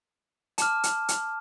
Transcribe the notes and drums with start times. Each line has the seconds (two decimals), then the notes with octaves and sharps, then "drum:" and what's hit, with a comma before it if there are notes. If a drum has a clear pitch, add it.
0.58 A5 D6 F6, drum: hi-hat
0.83 drum: hi-hat
1.08 drum: hi-hat